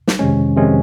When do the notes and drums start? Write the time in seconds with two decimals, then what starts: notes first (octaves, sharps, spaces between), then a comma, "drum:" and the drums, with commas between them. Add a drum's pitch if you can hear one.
0.07 drum: snare
0.19 F2 C3 D#3 G#3 C#4
0.56 F2 C3 D#3 G#3 C#4